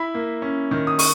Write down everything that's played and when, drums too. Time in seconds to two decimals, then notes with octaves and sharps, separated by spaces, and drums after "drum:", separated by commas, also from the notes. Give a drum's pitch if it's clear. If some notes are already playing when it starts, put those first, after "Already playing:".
Already playing: E4 B5
0.15 A#3
0.42 C#4
0.71 D#3
0.87 D#6
0.99 C#6, drum: open hi-hat